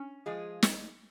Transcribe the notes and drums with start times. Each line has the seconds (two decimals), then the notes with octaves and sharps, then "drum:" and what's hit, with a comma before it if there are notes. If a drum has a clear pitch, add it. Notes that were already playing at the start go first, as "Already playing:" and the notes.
Already playing: C#4
0.26 F3 G#3 F4 G#4
0.63 drum: snare